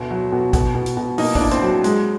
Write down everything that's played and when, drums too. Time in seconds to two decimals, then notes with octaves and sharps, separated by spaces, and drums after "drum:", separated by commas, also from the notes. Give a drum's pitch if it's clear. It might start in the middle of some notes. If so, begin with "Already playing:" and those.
Already playing: D2 B2
0.11 F#3
0.32 B2
0.53 B2, drum: kick, hi-hat
0.75 B2
0.86 drum: hi-hat
0.97 B2
1.18 A#3 D#4 D#5, drum: open hi-hat
1.35 A2 D4 D5, drum: kick
1.51 C4 C5, drum: hi-hat
1.62 F#3
1.84 G#3, drum: hi-hat